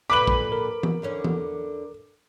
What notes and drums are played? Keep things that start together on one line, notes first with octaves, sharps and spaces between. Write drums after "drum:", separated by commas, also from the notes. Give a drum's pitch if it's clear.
A#2 D3 B4 B5 D6 F#7
drum: kick
A#4
drum: tom E3
E2 D3 C#4
drum: tom E3